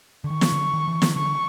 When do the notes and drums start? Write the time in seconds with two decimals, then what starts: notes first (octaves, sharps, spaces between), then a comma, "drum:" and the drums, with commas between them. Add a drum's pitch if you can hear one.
0.24 D3
0.30 D#3 C#6
0.41 drum: snare
0.52 D3
0.73 D#3
0.88 E3
1.02 D#3, drum: snare
1.15 D3 C#6